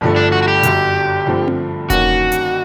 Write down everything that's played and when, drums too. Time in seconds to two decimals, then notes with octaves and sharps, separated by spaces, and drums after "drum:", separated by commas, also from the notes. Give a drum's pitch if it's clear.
0.01 G1 G2 D3 F3 A3
0.16 D4
0.32 F#4
0.42 F#4
0.48 G4
0.63 G1 F#2 D3, drum: hi-hat
1.27 G2 D3 F3 A3 C4
1.48 drum: tom C4
1.90 G2 D#3 F#3 A#3 C#4 F#4, drum: kick E1, hi-hat
2.32 drum: hi-hat